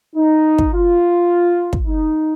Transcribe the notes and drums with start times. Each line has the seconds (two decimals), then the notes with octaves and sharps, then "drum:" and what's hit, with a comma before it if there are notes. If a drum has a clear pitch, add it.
0.16 D#4
0.58 drum: kick
0.73 F4
1.73 drum: kick
1.86 D#4